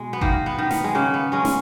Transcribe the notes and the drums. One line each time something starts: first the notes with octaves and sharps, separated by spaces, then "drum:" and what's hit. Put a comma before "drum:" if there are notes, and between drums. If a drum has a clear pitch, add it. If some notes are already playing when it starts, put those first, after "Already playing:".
Already playing: B2 G#3
B3
D#3 A#3, drum: kick G#1
B3
D#3
B3, drum: snare
G#3
C#3 A#3
B3
G#3 C#4
drum: snare